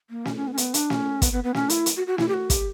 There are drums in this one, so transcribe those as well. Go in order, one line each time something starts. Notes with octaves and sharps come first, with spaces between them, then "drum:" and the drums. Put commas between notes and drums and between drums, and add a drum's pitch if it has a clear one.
A#3
C#4, drum: snare
C#4
B3
C#4
B3, drum: hi-hat
D4, drum: hi-hat
C#4, drum: snare
B3, drum: kick, hi-hat
B3
B3
C#4, drum: snare
E4, drum: hi-hat
drum: hi-hat
F#4
F#4
E4, drum: snare
G4
F#4
G4, drum: kick, hi-hat